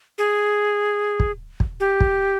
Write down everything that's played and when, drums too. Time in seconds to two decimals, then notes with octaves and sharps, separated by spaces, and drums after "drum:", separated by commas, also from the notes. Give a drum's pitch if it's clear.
0.18 G#4
1.20 drum: kick
1.60 drum: kick
1.80 G4
2.00 drum: kick